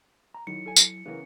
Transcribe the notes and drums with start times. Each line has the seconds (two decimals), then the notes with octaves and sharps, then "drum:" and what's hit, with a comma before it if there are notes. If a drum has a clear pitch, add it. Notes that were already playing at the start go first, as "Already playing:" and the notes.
0.34 A#5
0.47 D#3 F#3 E4 C#7
0.66 A4 G#5
0.76 drum: tambourine
1.06 C#3 E3 B3 C#4 A#4